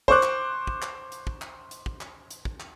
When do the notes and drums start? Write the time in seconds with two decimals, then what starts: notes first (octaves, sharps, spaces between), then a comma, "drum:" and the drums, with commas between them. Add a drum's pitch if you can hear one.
0.08 C5 C#6 D6 F#6, drum: kick
0.23 drum: clap
0.67 drum: kick
0.82 drum: clap
1.12 drum: hi-hat
1.27 drum: kick
1.42 drum: clap
1.71 drum: hi-hat
1.86 drum: kick
2.01 drum: clap
2.31 drum: hi-hat
2.45 drum: kick
2.60 drum: clap